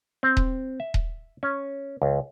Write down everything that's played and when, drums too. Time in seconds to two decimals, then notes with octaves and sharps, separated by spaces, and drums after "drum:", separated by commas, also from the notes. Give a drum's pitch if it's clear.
0.23 C4
0.37 drum: kick D#1
0.80 E5
0.94 drum: kick D#1
1.43 C#4
2.02 C#2